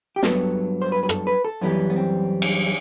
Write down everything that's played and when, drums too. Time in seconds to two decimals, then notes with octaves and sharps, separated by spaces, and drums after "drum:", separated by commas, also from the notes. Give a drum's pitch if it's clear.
0.16 G4
0.23 G2 F#3 B3 A4, drum: snare
0.82 C5
0.92 B4
1.03 B4
1.09 A4, drum: rim click
1.27 B4
1.45 A4
1.61 F#2 E3 G3 B3
1.90 B3
1.96 C4
2.42 drum: cymbal